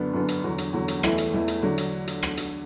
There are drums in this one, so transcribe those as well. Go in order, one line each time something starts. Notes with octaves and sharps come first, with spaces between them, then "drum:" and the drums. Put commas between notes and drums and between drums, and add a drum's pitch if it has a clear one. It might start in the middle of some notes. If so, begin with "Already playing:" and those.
Already playing: F#2 D3 B3 D4
F#2 D3 B3 D4
drum: hi-hat
E2 D3 F#3
drum: hi-hat
E2 D3 F#3
drum: hi-hat
E2 E3 A3 E4, drum: rim click
drum: hi-hat
E2 E3 A3 E4
drum: hi-hat
D3 F#3 D4
drum: hi-hat
drum: hi-hat
drum: rim click
drum: hi-hat